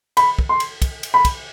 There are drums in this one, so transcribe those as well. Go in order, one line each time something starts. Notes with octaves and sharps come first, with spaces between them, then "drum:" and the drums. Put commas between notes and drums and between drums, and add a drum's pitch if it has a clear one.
B5, drum: cymbal
drum: kick
C6
drum: cymbal
drum: kick, cymbal
drum: cymbal
B5
drum: kick, cymbal